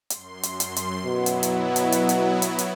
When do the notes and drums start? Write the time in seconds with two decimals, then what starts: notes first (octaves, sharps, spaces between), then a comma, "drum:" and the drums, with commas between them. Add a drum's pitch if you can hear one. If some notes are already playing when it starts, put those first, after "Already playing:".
0.10 F#2 C6, drum: hi-hat
0.43 drum: hi-hat
0.60 drum: hi-hat
0.76 drum: hi-hat
1.05 B2 F#3 B3 E4 F#4
1.26 drum: hi-hat
1.43 drum: hi-hat
1.76 drum: hi-hat
1.92 drum: hi-hat
2.09 drum: hi-hat
2.42 drum: hi-hat
2.59 drum: hi-hat